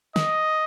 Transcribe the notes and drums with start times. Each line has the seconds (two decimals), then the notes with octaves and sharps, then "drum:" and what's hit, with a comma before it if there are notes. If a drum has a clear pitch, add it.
0.16 D#5, drum: snare